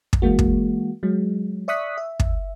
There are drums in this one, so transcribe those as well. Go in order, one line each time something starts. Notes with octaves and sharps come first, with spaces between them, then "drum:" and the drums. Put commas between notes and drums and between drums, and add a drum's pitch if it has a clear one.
drum: kick
E3 G#3 A#3 F#4
drum: kick
F#3 G#3
D5 E5 C#6 D#6 F#6 B6
E5
drum: kick